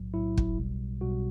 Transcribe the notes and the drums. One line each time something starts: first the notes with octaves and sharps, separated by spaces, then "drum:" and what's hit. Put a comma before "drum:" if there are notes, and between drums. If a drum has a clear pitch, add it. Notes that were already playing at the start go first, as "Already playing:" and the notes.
Already playing: B1 A2 F#3
B1 A2 F#3 E4
drum: kick
B1 B2 G3
B1 B2 G3 F#4